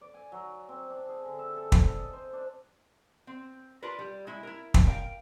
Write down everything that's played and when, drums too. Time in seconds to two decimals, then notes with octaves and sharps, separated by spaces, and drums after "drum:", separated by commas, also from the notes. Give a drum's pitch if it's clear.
0.01 D5
0.14 G#5
0.32 F#3
0.69 C4
0.90 D4
1.09 G#4
1.25 D3
1.39 E5
1.56 A4
1.72 drum: kick
1.98 D#5
2.13 C5
2.33 D4
3.27 C4
3.82 D4 F4 A#4 B4
3.99 G3
4.27 G#3 E4
4.43 E4 A#4
4.74 drum: kick
4.85 A#4 B4 D5 F5 G5